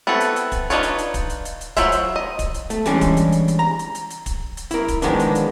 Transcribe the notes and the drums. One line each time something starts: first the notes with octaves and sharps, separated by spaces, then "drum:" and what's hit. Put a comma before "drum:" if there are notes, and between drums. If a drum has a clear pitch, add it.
B3 C4 E4 F#4 A4
drum: hi-hat
drum: hi-hat
drum: kick, hi-hat
D4 D#4 F4 B4 C#5, drum: hi-hat
drum: hi-hat
drum: hi-hat
drum: kick, hi-hat
drum: hi-hat
drum: hi-hat
drum: hi-hat
F#3 E4 F4 C5 E5, drum: kick, hi-hat
drum: hi-hat
D#5
drum: kick, hi-hat
drum: hi-hat
A3, drum: hi-hat
E3 G3 G#3 C#4 D4, drum: hi-hat
drum: kick, hi-hat
drum: hi-hat
drum: hi-hat
drum: hi-hat
A#5
drum: hi-hat
drum: hi-hat
drum: hi-hat
drum: kick, hi-hat
drum: hi-hat
E4 A#4, drum: hi-hat
drum: kick, hi-hat
D#3 F3 G#3 A#3 B3 D4, drum: hi-hat
drum: hi-hat
drum: hi-hat